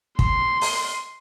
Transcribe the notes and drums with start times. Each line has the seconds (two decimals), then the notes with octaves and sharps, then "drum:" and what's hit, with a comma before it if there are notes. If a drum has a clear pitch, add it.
0.19 C6, drum: kick
0.61 drum: open hi-hat